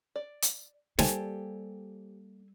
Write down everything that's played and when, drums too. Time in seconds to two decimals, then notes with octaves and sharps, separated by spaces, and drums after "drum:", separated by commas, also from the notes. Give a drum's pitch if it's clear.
0.16 D5
0.42 drum: hi-hat
0.99 G3 A#3 G4 A4 C5 G#5, drum: snare